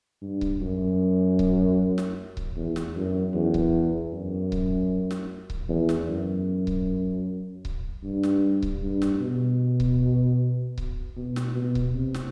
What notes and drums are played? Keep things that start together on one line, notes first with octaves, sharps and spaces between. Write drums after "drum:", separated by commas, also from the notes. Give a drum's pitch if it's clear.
G2
drum: kick C#1
F#2
drum: kick C#1
drum: snare
drum: kick C#1
E2
drum: snare
F#2
E2
drum: kick C#1
F#2
drum: kick C#1
drum: snare
drum: kick C#1
E2
drum: snare
F#2
drum: kick C#1
drum: kick C#1
G2
drum: snare
drum: kick C#1
G2
drum: snare
B2
drum: kick C#1
drum: kick C#1
B2
drum: snare
B2
drum: kick C#1
C3
drum: snare